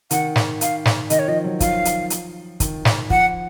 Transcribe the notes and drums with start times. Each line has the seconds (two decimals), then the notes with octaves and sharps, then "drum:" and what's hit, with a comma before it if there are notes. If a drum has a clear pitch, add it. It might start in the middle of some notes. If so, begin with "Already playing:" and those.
0.11 D#3 F#5, drum: hi-hat
0.36 drum: snare
0.61 F5, drum: hi-hat
0.85 drum: snare
1.10 D#3 D#5, drum: hi-hat
1.19 C#5
1.28 F3 D#5
1.44 F#3
1.60 F3 F5, drum: kick, hi-hat
1.85 drum: hi-hat
2.10 drum: hi-hat
2.60 D#3, drum: kick, hi-hat
2.85 drum: snare
3.10 F3 F#5, drum: kick